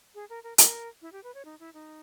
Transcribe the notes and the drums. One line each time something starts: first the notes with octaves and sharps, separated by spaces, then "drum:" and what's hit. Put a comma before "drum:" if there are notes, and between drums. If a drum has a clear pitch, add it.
G#4
A#4
A#4
A#4, drum: hi-hat
E4
G4
B4
C#5
D#4
E4
D#4